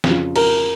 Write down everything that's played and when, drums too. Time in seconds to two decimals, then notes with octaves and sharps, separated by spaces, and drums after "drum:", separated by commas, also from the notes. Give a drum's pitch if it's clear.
0.04 F2 C#3 F3, drum: snare
0.36 A#4, drum: cymbal